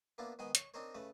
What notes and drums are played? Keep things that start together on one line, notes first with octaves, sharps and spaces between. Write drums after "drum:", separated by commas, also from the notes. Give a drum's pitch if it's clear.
A#3 B3 D4 E4 F4
G#2 D#3 B3 G#4 G5 G#5
C#5 C#6, drum: hi-hat
C4 D4 D#4 A#4 C5 C#5
C#3 A3 B4